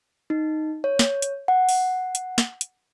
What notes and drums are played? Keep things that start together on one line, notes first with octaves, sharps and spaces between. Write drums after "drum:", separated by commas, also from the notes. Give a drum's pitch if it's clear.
D#4
C#5
drum: snare
drum: hi-hat
F#5
drum: open hi-hat
drum: hi-hat
drum: snare
drum: hi-hat